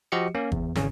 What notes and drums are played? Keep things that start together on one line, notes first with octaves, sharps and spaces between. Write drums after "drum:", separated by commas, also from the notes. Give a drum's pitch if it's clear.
F3 F#4 G4 D#5 C#7
A#3 C#4
E2, drum: kick G1
G#1 C#3 C#4, drum: snare